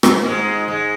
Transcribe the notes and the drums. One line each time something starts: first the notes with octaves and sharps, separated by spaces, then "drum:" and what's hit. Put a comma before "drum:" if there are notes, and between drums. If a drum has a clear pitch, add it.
drum: rim click
G#2 G#3
G#2 G#3